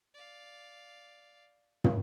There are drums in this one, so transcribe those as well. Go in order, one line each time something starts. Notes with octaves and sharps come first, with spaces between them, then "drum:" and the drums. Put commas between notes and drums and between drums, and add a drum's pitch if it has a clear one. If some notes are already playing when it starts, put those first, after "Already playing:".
D5 F5
drum: tom